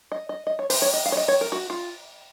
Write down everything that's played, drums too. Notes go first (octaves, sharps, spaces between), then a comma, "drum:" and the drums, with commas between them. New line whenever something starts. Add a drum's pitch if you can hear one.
D#5
D#5
D#5
C#5
C5, drum: open hi-hat
C#5
D#5
F5
C#5
D#5
C#5
A#4
F#4
F4